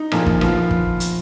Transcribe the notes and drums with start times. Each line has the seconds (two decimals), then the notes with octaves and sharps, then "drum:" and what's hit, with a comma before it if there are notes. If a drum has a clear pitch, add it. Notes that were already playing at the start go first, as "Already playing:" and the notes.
Already playing: D#4
0.12 A#1 A#2 F3 A#3, drum: rim click
0.26 drum: kick
0.41 F3 B3 F4, drum: rim click
0.71 drum: kick
1.00 drum: hi-hat